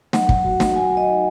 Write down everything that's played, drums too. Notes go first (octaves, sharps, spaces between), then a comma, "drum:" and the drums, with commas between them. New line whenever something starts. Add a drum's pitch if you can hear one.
F#3 F#5, drum: snare
drum: kick
F#4
drum: snare
F#3 G#5
D#5
D#4